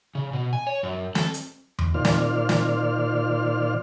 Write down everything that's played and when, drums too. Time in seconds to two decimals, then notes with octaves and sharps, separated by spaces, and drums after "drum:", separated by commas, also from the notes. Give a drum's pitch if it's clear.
0.15 C#3
0.33 B2
0.53 G#5
0.67 C#5
0.83 F#2
1.15 A4, drum: snare
1.34 drum: hi-hat
1.79 drum: tom E2
1.94 A#2 D#3 F4 C5 D5 F6
2.05 drum: snare
2.49 drum: snare